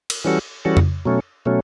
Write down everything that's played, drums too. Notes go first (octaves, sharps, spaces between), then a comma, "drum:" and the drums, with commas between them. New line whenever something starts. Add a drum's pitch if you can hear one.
drum: cymbal
E3 G3 C#4 F#4 A4
E3 G3 C#4 F#4 A4
drum: tom F2
B2 F#3 A3 C#4
B2 F#3 A3 C#4